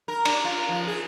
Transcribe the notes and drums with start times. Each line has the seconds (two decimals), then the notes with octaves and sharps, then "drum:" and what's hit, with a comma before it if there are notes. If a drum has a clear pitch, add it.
0.08 A#4
0.25 D4, drum: cymbal
0.45 F4
0.69 F3
0.87 G#4